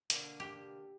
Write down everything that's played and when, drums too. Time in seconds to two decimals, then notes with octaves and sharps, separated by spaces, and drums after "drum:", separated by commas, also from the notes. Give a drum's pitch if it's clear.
0.10 B2 D3 A#3, drum: hi-hat
0.40 G4